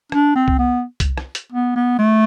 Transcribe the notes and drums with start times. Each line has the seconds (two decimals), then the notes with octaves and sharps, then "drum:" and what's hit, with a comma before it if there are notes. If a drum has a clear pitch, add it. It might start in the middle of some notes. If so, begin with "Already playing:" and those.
0.12 D4, drum: rim click
0.35 C4
0.48 drum: kick C2
0.59 B3
1.00 drum: kick C2, hi-hat
1.17 drum: rim click
1.35 drum: hi-hat
1.52 B3
1.76 B3
1.99 A3